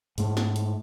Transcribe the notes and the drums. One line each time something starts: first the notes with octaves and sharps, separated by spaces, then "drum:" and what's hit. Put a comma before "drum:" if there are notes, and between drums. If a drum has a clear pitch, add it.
G#2 A3, drum: hi-hat
drum: snare
drum: hi-hat